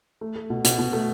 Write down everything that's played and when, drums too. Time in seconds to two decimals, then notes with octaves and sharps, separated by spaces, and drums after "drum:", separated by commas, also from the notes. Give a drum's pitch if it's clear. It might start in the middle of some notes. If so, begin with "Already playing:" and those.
0.21 A3
0.36 A3
0.50 B2
0.64 B2, drum: hi-hat
0.79 B2
0.93 A3